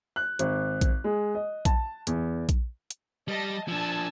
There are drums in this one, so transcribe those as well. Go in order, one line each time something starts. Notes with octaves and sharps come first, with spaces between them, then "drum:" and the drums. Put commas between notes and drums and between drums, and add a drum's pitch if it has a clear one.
F#6
G#1, drum: hi-hat
drum: kick A#1, hi-hat
G#3
D#5
A5, drum: kick A#1, hi-hat
E2, drum: hi-hat
drum: kick A#1, hi-hat
drum: hi-hat
G3 D#5 A5
F3 D4 G#5 A5 E6